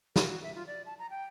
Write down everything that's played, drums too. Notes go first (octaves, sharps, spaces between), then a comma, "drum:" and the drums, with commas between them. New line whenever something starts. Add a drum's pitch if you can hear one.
A#4, drum: snare
F#4
E5
F4
D5
A5
A#5
G5